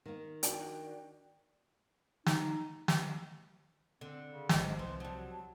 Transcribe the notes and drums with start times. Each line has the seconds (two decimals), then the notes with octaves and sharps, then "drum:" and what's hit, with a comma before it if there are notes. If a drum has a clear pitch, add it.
0.06 D#3 A#3
0.43 D4 F#4 G5, drum: hi-hat
2.26 D#4, drum: snare
2.88 drum: snare
4.01 D3 C4
4.31 C#3
4.49 G#1 G#2 F3 D#5, drum: snare
4.79 C2 E3 C6
5.00 F#3 G3 A5